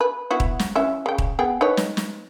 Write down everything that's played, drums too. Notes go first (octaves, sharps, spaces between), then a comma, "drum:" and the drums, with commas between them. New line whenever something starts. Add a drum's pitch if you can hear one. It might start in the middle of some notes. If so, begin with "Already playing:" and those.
B4
B3 E4 F#4
drum: kick D#1
drum: snare
E3 C#4 E5
C#3 G5
drum: kick D#1
B3 G#4 G5
D#4 B4 C#5
drum: snare
drum: snare